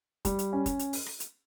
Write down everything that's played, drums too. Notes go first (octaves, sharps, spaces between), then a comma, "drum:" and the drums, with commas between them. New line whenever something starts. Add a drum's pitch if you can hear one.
G3, drum: kick, hi-hat
drum: hi-hat
C#4
drum: kick, hi-hat
drum: hi-hat
drum: open hi-hat
drum: rim click
drum: hi-hat